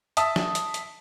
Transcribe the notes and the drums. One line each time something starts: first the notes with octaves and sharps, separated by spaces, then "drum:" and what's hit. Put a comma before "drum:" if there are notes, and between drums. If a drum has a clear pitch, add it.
E5 A5 D#6 E6, drum: hi-hat
drum: snare
drum: hi-hat
drum: hi-hat